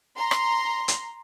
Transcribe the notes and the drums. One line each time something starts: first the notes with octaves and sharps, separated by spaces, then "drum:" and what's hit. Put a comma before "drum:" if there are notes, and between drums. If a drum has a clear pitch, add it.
A#5 C6
drum: rim click
drum: hi-hat